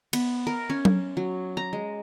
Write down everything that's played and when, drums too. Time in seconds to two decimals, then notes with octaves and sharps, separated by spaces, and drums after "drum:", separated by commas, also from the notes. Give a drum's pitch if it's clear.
0.13 B3, drum: cymbal
0.47 A#4
0.70 C#4
0.85 drum: tom F#3
1.17 F#3
1.57 A#5
1.73 G#3